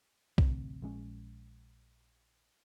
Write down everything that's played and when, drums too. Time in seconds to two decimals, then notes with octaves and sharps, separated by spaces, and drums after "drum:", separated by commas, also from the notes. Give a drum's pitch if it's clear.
0.38 A1 D2 C3, drum: kick B1
0.82 A#1 G#3 C#4